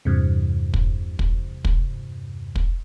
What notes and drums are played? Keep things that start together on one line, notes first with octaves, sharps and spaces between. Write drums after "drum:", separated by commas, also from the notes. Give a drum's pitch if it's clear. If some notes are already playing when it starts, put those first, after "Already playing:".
E2 G2 C3
drum: kick
drum: kick
drum: kick
drum: kick